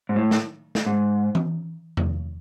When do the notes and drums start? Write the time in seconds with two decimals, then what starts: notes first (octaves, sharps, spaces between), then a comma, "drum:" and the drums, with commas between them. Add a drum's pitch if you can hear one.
0.09 G#2
0.16 A2
0.31 drum: snare
0.75 drum: snare
0.86 G#2
1.35 drum: tom E3
1.97 drum: tom E2